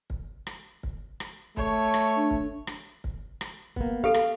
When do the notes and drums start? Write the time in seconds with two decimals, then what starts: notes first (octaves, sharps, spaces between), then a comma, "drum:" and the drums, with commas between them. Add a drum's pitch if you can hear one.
0.10 drum: kick
0.47 drum: rim click
0.83 drum: kick
1.20 drum: rim click
1.57 A3 C#5, drum: kick
1.94 drum: rim click
2.16 D4
2.30 drum: kick
2.67 drum: rim click
3.04 drum: kick
3.41 drum: rim click
3.76 A#3 B3, drum: kick
4.04 G4 A4 F5
4.14 drum: rim click